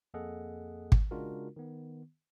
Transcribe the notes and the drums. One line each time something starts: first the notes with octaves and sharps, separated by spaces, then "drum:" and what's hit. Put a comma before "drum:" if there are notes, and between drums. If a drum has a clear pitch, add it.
F2 A#3 G#4 A4 D#5 F#5
drum: kick
C#3 G#3 D4 F4 F#4 A#4
D#3 B3